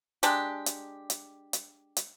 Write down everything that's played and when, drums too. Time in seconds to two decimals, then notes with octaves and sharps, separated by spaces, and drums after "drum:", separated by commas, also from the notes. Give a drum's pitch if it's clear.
0.23 G#3 D4 G4, drum: hi-hat
0.66 drum: hi-hat
1.10 drum: hi-hat
1.53 drum: hi-hat
1.97 drum: hi-hat